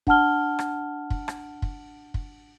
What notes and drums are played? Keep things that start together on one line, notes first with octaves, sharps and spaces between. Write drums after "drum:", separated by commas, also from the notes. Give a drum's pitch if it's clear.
D4 F#5 A5 F6 G7, drum: kick
drum: rim click
drum: kick
drum: rim click
drum: kick
drum: kick